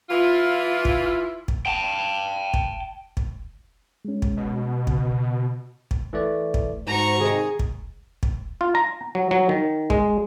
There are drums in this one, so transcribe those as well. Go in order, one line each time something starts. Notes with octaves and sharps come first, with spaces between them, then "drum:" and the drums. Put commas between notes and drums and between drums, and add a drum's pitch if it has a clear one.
E3 E4 F4
drum: kick
drum: kick
G5 A5
drum: kick
drum: kick
G#3 C#4
drum: kick
B2
C#3, drum: kick
drum: kick
E3 A3 D5
drum: kick
G#2 F#4 C5 A#5 C#6
C3 D#3 G#4
drum: kick
drum: kick
F4
A#5
F#3
F#3
D#3
G#3, drum: kick